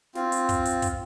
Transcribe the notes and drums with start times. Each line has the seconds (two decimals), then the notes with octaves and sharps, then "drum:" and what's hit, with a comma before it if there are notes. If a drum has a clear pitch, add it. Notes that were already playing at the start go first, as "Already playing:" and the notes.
0.15 C4 F4, drum: snare
0.32 drum: hi-hat
0.49 drum: kick, hi-hat
0.65 drum: hi-hat
0.82 drum: kick, hi-hat